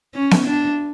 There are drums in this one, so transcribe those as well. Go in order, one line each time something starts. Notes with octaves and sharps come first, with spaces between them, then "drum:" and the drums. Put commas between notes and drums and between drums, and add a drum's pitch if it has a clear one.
C#4
drum: snare B3
D4